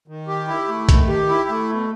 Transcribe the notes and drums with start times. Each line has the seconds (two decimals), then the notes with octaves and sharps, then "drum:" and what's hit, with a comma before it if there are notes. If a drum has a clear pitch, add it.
0.08 D#3
0.28 G4
0.48 E4
0.68 A3
0.89 D#3, drum: kick A#1, hi-hat
1.08 G4
1.29 E4
1.49 A3
1.69 B2